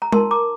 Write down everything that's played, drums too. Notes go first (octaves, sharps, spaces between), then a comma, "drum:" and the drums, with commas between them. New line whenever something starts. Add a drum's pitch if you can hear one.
A#5
D#4 A#4 A5 C6, drum: tom
A#5 D6